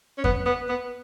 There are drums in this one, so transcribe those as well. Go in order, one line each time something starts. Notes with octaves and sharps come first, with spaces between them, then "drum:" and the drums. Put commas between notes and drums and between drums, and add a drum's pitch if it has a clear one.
C#4
B3, drum: kick F2
B3
B3